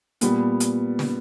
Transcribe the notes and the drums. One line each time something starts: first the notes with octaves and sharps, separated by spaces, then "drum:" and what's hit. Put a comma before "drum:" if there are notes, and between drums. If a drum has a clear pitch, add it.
A#2 G3 B3, drum: hi-hat
drum: hi-hat
drum: snare